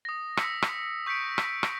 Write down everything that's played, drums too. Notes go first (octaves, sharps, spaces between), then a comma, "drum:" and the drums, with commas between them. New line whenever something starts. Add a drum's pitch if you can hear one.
D#6 A#6
E6 B6 C#7, drum: rim click
drum: rim click
C#6 G6 B6 C#7 D7
drum: rim click
drum: rim click